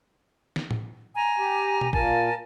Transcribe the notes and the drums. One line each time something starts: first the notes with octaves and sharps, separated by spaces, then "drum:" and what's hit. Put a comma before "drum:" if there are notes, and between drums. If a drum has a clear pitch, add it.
drum: snare
drum: tom A2
G#5 A#5
G4
drum: tom B2
A#2 A#3 A#4 G#5 A5, drum: kick G#1